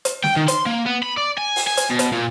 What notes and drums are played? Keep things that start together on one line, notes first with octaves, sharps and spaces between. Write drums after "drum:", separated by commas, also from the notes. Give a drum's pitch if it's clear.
drum: hi-hat
G5, drum: snare
D#3
C6, drum: hi-hat
A#3
B3
B5
D5
G#5
drum: open hi-hat
G#5
drum: hi-hat
B2
drum: hi-hat
A#2